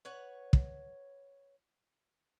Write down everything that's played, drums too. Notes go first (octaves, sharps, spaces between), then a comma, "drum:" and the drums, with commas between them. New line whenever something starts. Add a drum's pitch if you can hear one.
B4 C#5 F#5
drum: kick